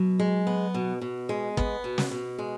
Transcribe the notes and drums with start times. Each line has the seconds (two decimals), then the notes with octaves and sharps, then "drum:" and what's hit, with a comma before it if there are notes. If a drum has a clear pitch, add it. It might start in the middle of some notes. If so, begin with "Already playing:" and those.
Already playing: B2 F#3
0.20 G#3
0.47 B3
0.74 B2
1.01 B2
1.29 G#3
1.57 B3, drum: kick
1.84 B2
1.98 drum: snare
2.11 B2
2.39 G#3